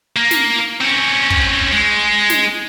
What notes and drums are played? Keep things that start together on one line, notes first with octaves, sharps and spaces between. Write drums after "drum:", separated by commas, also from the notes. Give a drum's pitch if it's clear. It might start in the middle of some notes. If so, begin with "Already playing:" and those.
A#3
drum: snare
C4 C#4
drum: kick
G#3
drum: snare